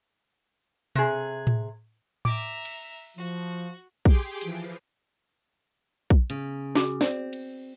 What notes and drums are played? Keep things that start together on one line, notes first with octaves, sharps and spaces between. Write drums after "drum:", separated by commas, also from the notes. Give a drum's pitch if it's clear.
C3 G#4, drum: tom B2
drum: tom A2
E5 A#5 D6, drum: tom A2
drum: cymbal
F3 F#4
G4 G#4 G5 C6 D6, drum: kick
E3 F3, drum: hi-hat
drum: kick
C#3, drum: hi-hat
F#4 G#4 D6, drum: snare
C4 D5, drum: snare
drum: cymbal